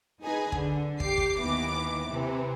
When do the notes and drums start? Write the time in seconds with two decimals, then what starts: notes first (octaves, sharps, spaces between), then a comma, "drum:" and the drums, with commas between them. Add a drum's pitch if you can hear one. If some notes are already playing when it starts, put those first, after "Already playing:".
0.23 D#4 G#4 B4 G#5
0.52 D3, drum: kick
1.00 G4 D6 C7, drum: kick
1.18 drum: kick
1.39 D#2 D#3 E3 B3 D6
2.08 C3 E3